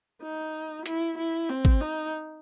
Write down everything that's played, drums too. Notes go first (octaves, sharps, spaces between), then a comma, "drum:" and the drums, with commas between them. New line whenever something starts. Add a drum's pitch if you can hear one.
D#4
E4, drum: hi-hat
E4
C4
drum: kick
D#4